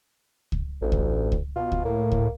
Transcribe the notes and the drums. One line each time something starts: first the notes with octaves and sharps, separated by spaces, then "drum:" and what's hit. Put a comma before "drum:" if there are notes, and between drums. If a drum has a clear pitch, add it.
drum: kick C#2
A1 D2
drum: kick C#2
drum: kick C#2
B2 F4
drum: kick C#2
A2 A#3
drum: kick C#2